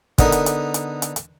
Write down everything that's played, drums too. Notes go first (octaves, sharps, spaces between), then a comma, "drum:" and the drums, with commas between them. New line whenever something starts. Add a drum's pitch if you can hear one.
D3 B3 D#4 A#4, drum: kick, hi-hat
drum: hi-hat
drum: hi-hat
drum: hi-hat
drum: hi-hat
drum: hi-hat